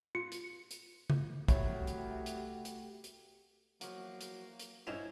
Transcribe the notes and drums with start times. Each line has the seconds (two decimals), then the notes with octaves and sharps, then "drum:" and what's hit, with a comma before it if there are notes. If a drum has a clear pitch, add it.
0.15 F4 C#7
0.32 drum: hi-hat
0.71 drum: hi-hat
1.10 drum: tom C#3
1.48 C2 A3 F#4 G4 C#5, drum: kick, hi-hat
1.87 drum: hi-hat
2.26 drum: hi-hat
2.65 drum: hi-hat
3.04 drum: hi-hat
3.81 E2 F3 F#3 A#3 F#4, drum: hi-hat
4.21 drum: hi-hat
4.60 drum: hi-hat
4.87 G2 C#4 D4 E4 F4 C5 C#5 D#5